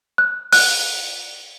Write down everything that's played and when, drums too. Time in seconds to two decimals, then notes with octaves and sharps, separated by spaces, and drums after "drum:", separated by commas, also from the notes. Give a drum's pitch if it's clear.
0.18 F#6
0.52 F#6, drum: open hi-hat